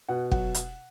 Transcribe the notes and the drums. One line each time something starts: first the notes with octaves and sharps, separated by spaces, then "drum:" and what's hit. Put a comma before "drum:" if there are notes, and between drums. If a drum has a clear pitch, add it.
B2 F#5
F#3 F#5, drum: kick
drum: hi-hat